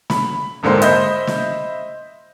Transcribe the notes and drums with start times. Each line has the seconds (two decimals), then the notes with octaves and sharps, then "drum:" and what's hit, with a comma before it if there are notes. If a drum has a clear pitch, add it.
0.10 B5, drum: snare
0.63 D#1 G#2 D3 A#3 C4 C6
0.82 C5 D#5 E5 B5 G6, drum: hi-hat
1.27 drum: snare